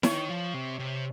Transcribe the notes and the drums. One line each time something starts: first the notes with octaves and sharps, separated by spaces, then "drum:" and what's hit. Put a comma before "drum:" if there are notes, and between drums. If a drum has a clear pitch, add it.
D#3 C#5, drum: snare E4
F3
C3
C3